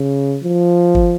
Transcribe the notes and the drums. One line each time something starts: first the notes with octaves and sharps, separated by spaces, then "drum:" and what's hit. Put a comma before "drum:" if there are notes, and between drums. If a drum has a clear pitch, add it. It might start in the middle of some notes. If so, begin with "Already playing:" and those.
Already playing: C#3
F3
drum: kick G1